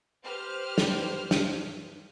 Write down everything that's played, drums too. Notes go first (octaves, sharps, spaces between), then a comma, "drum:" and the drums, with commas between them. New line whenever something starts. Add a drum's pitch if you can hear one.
G4 B4 C5 F6
drum: snare
drum: snare